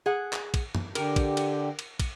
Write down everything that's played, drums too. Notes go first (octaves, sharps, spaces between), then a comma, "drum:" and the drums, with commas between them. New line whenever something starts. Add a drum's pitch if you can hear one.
G#4 F#5
drum: clap
drum: kick, cymbal
drum: tom F#2
D3 G4 A#4, drum: cymbal
drum: kick, cymbal
drum: cymbal
drum: cymbal
drum: kick, cymbal